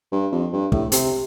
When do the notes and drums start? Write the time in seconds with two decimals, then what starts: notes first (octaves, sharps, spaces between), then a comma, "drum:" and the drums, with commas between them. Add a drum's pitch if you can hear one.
0.12 G2
0.32 F2
0.53 G2
0.72 A2, drum: kick
0.92 C3, drum: hi-hat